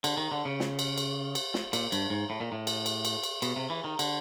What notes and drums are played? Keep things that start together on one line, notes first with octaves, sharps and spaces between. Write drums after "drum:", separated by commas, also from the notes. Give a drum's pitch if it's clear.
D3, drum: cymbal
D#3
D3
C#3
drum: snare
drum: cymbal
drum: cymbal
drum: cymbal
drum: snare
A#2, drum: cymbal
G2, drum: cymbal
G#2
A2
A#2
A2
drum: cymbal
drum: cymbal
drum: cymbal
drum: cymbal
B2, drum: cymbal
C3
E3
D#3
D3, drum: cymbal